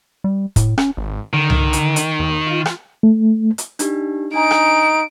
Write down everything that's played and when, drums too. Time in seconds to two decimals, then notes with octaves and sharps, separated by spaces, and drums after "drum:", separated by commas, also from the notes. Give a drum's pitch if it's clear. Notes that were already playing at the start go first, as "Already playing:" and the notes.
0.24 G3
0.56 A2, drum: kick, hi-hat
0.78 C#4, drum: rim click
0.97 G#1
1.33 D3 D#3
1.50 drum: tom C2
1.73 drum: hi-hat
1.96 drum: hi-hat
2.19 D#2
2.47 F4
2.66 drum: rim click
3.03 A3
3.58 drum: hi-hat
3.79 D4 D#4 G4, drum: hi-hat
4.34 D4 D#4 G#5 A#5 D7
4.51 drum: rim click